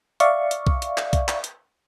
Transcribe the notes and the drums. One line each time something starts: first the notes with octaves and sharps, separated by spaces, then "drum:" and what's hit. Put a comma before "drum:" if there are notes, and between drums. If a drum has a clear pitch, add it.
D5 E5 F5 C#6, drum: hi-hat
drum: hi-hat
drum: kick B1
drum: hi-hat
drum: clap
drum: kick B1, hi-hat
drum: clap
drum: hi-hat